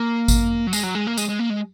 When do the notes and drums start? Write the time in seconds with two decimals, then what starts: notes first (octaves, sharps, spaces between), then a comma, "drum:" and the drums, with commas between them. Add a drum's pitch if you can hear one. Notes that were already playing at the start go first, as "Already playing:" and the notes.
Already playing: A#3
0.28 drum: kick G#1, tambourine
0.67 F#3
0.73 G#3, drum: tambourine
0.83 F#3
0.95 G#3
1.07 A#3
1.18 G#3, drum: tambourine
1.29 G#3
1.39 A#3
1.50 G#3